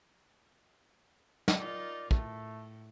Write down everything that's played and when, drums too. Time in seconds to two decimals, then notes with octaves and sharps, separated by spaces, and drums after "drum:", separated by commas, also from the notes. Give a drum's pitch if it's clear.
1.48 drum: snare
1.59 D#4 F4 A#4 D5
2.11 A2 A3, drum: kick